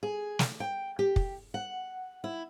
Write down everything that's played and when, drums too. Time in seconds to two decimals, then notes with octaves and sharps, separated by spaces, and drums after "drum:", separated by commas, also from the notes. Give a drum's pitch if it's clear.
0.03 G#4
0.39 drum: snare
0.60 G5
0.99 G4
1.16 drum: kick
1.54 F#5
2.24 E4